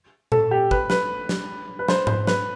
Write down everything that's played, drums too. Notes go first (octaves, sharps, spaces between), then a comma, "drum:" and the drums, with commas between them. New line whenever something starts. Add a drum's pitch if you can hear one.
A4, drum: tom A#2
G4
B4, drum: kick
B4, drum: snare
drum: snare
B4
C5, drum: snare
C5, drum: tom G#2
B4, drum: snare